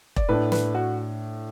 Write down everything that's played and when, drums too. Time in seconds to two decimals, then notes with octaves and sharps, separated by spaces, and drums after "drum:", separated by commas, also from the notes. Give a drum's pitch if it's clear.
0.16 D5, drum: kick E1
0.29 A2 A3 D4 B4
0.52 B4, drum: snare
0.75 F#4